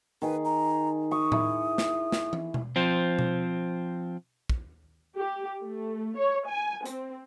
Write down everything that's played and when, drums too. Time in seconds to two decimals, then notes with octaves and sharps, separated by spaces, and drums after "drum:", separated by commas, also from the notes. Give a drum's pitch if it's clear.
0.22 D#3 G#4 B4
0.45 A#5
1.11 C#6 D#6
1.32 E4, drum: tom A2
1.78 drum: snare
2.12 drum: snare
2.33 drum: tom
2.54 drum: tom B2
2.76 F3 C4
3.19 drum: tom B2
4.50 drum: kick
5.16 G4
5.61 A3
6.17 C#5
6.47 G#5
6.86 C4, drum: hi-hat